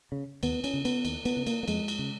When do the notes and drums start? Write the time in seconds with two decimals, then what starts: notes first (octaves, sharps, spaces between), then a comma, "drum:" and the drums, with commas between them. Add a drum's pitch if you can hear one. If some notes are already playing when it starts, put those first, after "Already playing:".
0.12 C#3
0.43 D#2 B3, drum: cymbal
0.64 C#4, drum: cymbal
0.74 C#3
0.85 B3, drum: cymbal
1.05 D#2, drum: cymbal
1.25 B3, drum: cymbal
1.37 C#3
1.47 A#3, drum: cymbal
1.63 A#3
1.68 F2 G#3, drum: cymbal
1.88 drum: cymbal
1.99 C#3